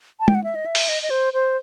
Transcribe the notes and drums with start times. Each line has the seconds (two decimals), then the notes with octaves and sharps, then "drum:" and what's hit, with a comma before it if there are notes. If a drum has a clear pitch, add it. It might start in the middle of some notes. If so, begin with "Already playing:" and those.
0.20 A5
0.28 G5, drum: tom
0.35 F#5
0.44 E5
0.55 D#5
0.66 E5
0.75 drum: open hi-hat
0.89 D#5
1.03 D#5
1.10 C5
1.33 C5